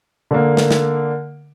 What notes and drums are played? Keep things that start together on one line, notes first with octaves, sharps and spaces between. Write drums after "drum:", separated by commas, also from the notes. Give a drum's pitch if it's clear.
D3 A#3
drum: snare
drum: snare